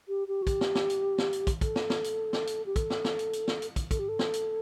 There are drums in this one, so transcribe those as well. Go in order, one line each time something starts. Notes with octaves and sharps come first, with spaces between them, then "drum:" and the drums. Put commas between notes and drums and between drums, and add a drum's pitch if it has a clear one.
G4
G4
F#4
G4, drum: kick, hi-hat
drum: snare
drum: snare
drum: hi-hat
drum: snare
drum: hi-hat
drum: kick, hi-hat
A4, drum: kick, hi-hat
drum: snare
drum: snare
drum: hi-hat
drum: snare
drum: hi-hat
G4
A4, drum: kick, hi-hat
drum: snare
drum: snare
drum: hi-hat
drum: hi-hat
drum: snare
drum: hi-hat
drum: kick, hi-hat
A4, drum: kick, hi-hat
G4
A4
drum: snare
drum: hi-hat